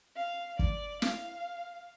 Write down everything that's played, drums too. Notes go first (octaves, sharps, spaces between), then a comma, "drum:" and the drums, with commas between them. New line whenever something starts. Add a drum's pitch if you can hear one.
F5
D5, drum: kick
F5, drum: snare